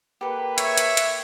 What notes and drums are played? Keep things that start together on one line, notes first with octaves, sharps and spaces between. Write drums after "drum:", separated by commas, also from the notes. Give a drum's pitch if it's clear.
A#3 G4 A4 B4
C#5 E5, drum: hi-hat
drum: hi-hat
drum: hi-hat